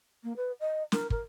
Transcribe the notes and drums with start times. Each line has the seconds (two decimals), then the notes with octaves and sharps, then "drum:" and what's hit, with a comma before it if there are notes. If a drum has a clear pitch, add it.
0.23 A#3
0.36 B4
0.60 D#5
0.92 A#4, drum: snare
1.10 A#4, drum: kick